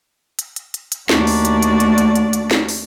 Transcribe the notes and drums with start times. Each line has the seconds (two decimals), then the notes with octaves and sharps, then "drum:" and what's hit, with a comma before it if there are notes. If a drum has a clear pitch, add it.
0.39 drum: hi-hat
0.56 drum: hi-hat
0.74 drum: hi-hat
0.92 drum: hi-hat
1.09 D#2 A3 D4 F#4 D5, drum: snare
1.27 drum: open hi-hat
1.45 drum: hi-hat
1.62 drum: hi-hat
1.80 drum: hi-hat
1.98 drum: hi-hat
2.15 drum: hi-hat
2.33 drum: hi-hat
2.51 drum: snare
2.69 drum: open hi-hat